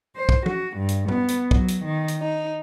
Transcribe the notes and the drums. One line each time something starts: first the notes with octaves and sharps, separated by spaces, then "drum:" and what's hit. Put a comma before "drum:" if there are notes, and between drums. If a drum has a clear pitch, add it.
C5
drum: kick
F#4, drum: tom
G2
drum: hi-hat
B3, drum: tom
drum: hi-hat
F#3, drum: kick
drum: hi-hat
D#3
drum: hi-hat
D#4